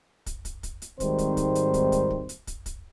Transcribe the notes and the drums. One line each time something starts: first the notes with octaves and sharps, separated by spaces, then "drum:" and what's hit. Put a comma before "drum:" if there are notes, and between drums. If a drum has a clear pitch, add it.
drum: kick, hi-hat
drum: kick, hi-hat
drum: kick, hi-hat
drum: hi-hat
G#1 G#2 D#3 G3 C4 C5, drum: kick, hi-hat
drum: kick, hi-hat
drum: kick, hi-hat
drum: hi-hat
drum: kick, hi-hat
drum: kick, hi-hat
drum: kick
drum: hi-hat
drum: kick, hi-hat
drum: kick, hi-hat